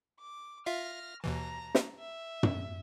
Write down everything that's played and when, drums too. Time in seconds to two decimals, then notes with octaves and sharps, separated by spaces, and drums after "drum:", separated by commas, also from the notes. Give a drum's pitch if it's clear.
0.19 D6
0.66 F4 E5 F5 F6 A#6
1.24 D#2 B2 E3 A5 A#5
1.75 drum: snare
1.99 E5
2.43 drum: tom